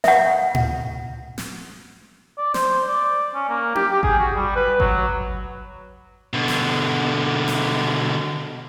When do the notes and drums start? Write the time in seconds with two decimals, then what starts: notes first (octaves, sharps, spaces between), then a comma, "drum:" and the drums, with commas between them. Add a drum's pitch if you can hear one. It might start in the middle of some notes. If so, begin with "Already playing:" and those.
0.04 E5 F#5, drum: snare
0.55 drum: tom A2
1.38 drum: snare
2.38 D5
2.54 C5, drum: snare
2.88 D5
3.35 C#4
3.49 A#3
3.75 G4, drum: tom C#4
3.91 G4
4.03 G#4, drum: kick G#1
4.19 F#4
4.35 G3
4.56 B4
4.80 F#3, drum: kick G#1
6.33 B2 D3
6.48 drum: snare
7.48 drum: snare